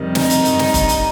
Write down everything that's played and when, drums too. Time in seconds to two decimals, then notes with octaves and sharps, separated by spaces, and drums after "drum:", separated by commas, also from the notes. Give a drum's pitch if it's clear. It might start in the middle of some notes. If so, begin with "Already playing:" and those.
Already playing: F2 C3 D#3 G3
0.15 D#4, drum: snare
0.30 drum: hi-hat
0.45 G2 D#3 G3, drum: hi-hat
0.59 drum: snare
0.74 drum: kick, hi-hat
0.89 drum: hi-hat